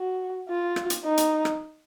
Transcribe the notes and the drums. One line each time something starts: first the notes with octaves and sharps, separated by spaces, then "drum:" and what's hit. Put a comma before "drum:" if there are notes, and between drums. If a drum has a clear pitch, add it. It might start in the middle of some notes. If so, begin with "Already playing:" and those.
Already playing: F#4
F4
drum: rim click
drum: hi-hat
D#4
drum: hi-hat
drum: rim click